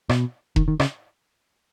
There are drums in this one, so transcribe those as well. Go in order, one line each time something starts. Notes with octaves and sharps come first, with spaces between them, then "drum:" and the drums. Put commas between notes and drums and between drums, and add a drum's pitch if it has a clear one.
B2, drum: rim click
D#3, drum: kick E1
D#3
C#3, drum: rim click